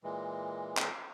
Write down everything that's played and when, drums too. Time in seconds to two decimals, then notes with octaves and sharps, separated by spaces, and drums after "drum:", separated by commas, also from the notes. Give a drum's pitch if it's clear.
0.04 A#2 E3 G#3
0.77 drum: clap